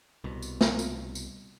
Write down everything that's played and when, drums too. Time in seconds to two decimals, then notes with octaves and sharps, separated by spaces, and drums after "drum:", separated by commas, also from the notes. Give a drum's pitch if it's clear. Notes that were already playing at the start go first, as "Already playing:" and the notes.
0.24 C2 B2
0.42 drum: tambourine
0.61 drum: snare
0.79 drum: tambourine
1.15 drum: tambourine